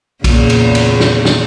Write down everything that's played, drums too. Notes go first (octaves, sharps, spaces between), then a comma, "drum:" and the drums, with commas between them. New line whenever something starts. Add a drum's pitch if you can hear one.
E2 A#2 C#3, drum: kick A#1, cymbal
drum: cymbal
drum: cymbal
drum: snare
drum: snare